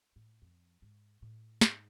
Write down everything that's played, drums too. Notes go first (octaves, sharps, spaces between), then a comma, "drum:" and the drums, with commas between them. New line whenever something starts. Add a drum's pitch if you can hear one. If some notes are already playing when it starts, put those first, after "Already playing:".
A2
F2
G#2
A2
G#2, drum: snare